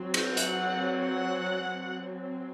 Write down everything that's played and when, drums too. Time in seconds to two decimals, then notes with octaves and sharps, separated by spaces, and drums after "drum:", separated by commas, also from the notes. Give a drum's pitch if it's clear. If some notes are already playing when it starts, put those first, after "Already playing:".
Already playing: F#3 C4
0.14 drum: cymbal
0.37 F#3 C4 F#5, drum: hi-hat
1.02 F#5
1.66 F#3 C4